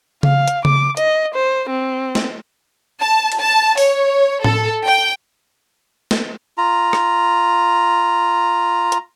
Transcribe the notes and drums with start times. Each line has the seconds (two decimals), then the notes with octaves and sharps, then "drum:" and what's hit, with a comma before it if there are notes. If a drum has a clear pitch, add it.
0.23 F5, drum: tom C#3
0.48 drum: hi-hat
0.65 D6, drum: tom C#3
0.97 D#5, drum: hi-hat
1.35 C5
1.70 C4
2.15 drum: snare
3.01 A5
3.32 drum: cymbal
3.41 A5
3.77 C#5, drum: open hi-hat
4.44 A4, drum: tom A2
4.84 G5
6.11 drum: snare
6.58 F4 A#5
6.93 drum: rim click
8.92 drum: hi-hat